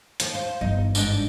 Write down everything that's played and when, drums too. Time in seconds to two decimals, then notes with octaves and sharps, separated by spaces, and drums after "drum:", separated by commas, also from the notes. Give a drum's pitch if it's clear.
0.20 D#2 F3, drum: hi-hat
0.35 C5
0.61 G1 E3 D#4
0.95 G#2 D4 D#4, drum: tambourine